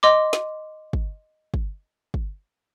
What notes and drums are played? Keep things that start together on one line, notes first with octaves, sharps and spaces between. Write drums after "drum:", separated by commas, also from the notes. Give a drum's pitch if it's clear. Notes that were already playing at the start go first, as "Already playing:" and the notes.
D#5 C6 D6
drum: snare
drum: kick
drum: kick
drum: kick